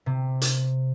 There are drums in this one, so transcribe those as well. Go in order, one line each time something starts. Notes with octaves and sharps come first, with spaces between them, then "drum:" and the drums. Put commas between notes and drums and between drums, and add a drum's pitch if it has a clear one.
C3
drum: hi-hat